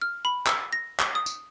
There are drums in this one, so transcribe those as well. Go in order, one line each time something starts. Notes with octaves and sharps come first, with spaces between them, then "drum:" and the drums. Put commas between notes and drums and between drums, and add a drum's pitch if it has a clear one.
F6
B5
E6, drum: clap
A#6
drum: clap
D#6
drum: tambourine